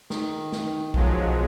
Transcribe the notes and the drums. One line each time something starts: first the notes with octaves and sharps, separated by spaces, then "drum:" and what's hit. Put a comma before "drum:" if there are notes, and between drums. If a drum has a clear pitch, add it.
D#3, drum: snare
drum: snare
B1 F3 F#3 G#3, drum: kick